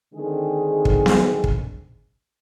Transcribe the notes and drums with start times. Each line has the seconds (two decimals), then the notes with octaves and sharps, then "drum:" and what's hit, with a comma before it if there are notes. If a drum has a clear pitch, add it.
0.14 D3 D#3 G#3 C4 G#4
0.85 drum: kick
1.06 drum: snare B3
1.44 drum: kick